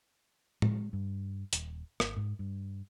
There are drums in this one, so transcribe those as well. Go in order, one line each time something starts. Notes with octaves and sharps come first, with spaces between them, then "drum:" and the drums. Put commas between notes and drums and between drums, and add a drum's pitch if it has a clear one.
G#3, drum: tom A2
G2
D#1, drum: hi-hat
G#1, drum: rim click
G#2
G2